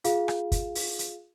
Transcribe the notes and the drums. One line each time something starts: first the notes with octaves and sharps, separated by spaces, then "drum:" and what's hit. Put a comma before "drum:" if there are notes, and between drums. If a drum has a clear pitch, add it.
F4 G#4 F5, drum: hi-hat
drum: rim click
drum: kick, hi-hat
drum: open hi-hat
drum: hi-hat